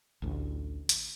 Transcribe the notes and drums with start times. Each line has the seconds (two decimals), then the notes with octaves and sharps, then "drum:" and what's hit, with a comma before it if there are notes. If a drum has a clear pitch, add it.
0.22 A1 D2
0.89 drum: hi-hat